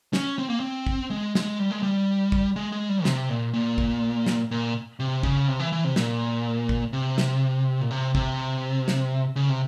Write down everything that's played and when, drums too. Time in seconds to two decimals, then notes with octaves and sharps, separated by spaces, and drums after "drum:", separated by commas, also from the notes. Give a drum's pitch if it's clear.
0.13 C#4, drum: snare
0.39 C4
0.49 A#3
0.60 C4
0.87 drum: kick
1.10 G#3
1.35 G#3, drum: snare
1.59 G3
1.71 G#3
1.83 G3
2.32 drum: kick
2.56 G#3
2.72 G#3
2.89 G3
3.05 C3, drum: snare
3.29 A#2
3.54 A#2
3.78 drum: kick
4.26 drum: snare
4.51 A#2
5.00 C3
5.23 C#3, drum: kick
5.48 C3
5.60 E3
5.72 E3
5.85 C3
5.96 A#2, drum: snare
6.69 drum: kick
6.93 C3
7.18 drum: snare
7.81 A#2
7.91 C3
8.15 C3, drum: kick
8.88 drum: snare
9.36 C#3
9.49 C3